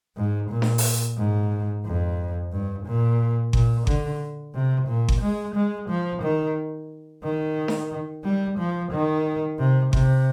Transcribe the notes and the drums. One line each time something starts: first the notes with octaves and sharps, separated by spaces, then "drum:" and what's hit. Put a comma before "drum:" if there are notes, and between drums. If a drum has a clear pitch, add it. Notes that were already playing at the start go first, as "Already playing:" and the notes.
G#2
A#2
drum: snare D4
drum: open hi-hat
G#2
F2
G2
A#2
A#2, drum: kick G1
D3, drum: kick G1
C3
A#2
drum: kick G1
G#3
G#3
F3
D#3
D#3
drum: snare D4
G3
F3
D#3
C3
C3, drum: kick G1